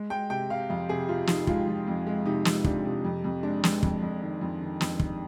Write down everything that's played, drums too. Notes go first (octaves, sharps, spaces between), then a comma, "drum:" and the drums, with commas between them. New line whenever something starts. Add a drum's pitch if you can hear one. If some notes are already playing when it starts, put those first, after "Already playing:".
Already playing: G#3
G#3 G5
C3 G5
C3 F5
F2 F5
C3 G#4
C3 F4
F3 D#4, drum: snare
G#3 F4, drum: kick
F3
F2
G#3
C3 D#4
G#3, drum: snare
C3 D4, drum: kick
C3
F2
F2
G#3 D4
G#3, drum: snare
F2, drum: kick
F2
D#3
F2
D#3
F2, drum: snare
D#3, drum: kick